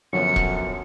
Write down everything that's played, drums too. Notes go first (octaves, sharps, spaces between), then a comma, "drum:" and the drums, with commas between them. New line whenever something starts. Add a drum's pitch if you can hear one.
F#2 D3 F3 F#3 B3 C#7
drum: kick E1